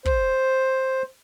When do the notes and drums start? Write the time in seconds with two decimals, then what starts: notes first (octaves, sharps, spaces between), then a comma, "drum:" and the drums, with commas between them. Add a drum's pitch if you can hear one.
0.06 C5, drum: kick